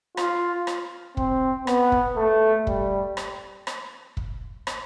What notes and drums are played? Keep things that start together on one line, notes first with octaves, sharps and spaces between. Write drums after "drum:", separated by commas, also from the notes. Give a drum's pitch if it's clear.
F4, drum: rim click
drum: rim click
C4, drum: kick
B3, drum: rim click
drum: kick
A3
G3, drum: kick
drum: rim click
drum: rim click
drum: kick
drum: rim click